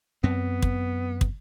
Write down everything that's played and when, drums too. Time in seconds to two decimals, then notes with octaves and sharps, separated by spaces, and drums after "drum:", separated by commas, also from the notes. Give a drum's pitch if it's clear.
0.23 F#2 B3 C4
0.62 drum: kick
1.21 drum: kick